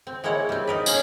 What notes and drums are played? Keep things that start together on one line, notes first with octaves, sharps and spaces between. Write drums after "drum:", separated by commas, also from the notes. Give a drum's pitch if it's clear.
C4
G#3 A#3 E4 C#5 F#5
G3 C4
D#4 A#4 B4
A#3 C#4, drum: tambourine